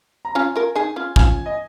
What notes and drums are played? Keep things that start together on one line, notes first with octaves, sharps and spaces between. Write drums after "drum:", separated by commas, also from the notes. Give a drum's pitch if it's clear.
A#5
C#4 F4 G#5
F4 A#4
D#4 G#4 G#5
C#4 F4
C#4 F4 G#5, drum: kick
D#5